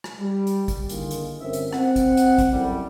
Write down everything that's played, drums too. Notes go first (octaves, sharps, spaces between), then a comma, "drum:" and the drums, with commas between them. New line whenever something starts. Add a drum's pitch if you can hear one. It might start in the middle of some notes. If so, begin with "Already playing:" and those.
drum: rim click
G3
drum: hi-hat
drum: kick A1, hi-hat
D3 D#3 A#3 E4 F4 G#4, drum: hi-hat
drum: hi-hat
G1 C4 C#4 A#4 E5
drum: hi-hat
C4 F#5, drum: rim click
drum: kick A1, hi-hat
drum: hi-hat
drum: kick A1, hi-hat
F#2 A2 G3